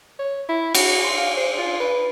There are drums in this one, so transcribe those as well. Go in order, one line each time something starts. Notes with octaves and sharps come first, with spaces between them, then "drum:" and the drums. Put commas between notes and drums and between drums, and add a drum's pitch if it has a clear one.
C#5
E4
F#4, drum: cymbal
C6
F5
C5
F4
B4